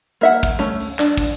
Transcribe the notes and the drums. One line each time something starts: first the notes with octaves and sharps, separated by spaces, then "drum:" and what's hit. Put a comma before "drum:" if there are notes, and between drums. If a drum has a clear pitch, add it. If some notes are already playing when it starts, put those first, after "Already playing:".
A#3 E5 F#5
drum: kick, hi-hat
A3 C#4
drum: open hi-hat
D4, drum: clap
drum: kick, open hi-hat